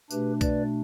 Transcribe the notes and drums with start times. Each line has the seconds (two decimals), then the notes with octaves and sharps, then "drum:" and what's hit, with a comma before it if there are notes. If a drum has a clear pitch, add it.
0.11 B2 A3 D4 G4 B4, drum: tambourine
0.41 B4 D5, drum: kick B1, tambourine